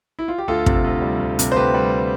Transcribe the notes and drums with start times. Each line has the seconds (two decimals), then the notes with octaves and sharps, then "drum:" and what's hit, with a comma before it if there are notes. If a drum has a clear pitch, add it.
0.19 E4
0.28 F4
0.38 G4
0.48 D2 F4 A4
0.66 C3, drum: kick
0.84 D2
1.02 G3
1.20 D2
1.39 C3, drum: hi-hat
1.52 C5
1.56 D2 G4 B4
1.74 G3